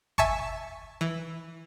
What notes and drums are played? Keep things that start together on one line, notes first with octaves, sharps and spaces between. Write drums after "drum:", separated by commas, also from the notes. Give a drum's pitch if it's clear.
E5 G#5 A5 C#6, drum: kick G1
E3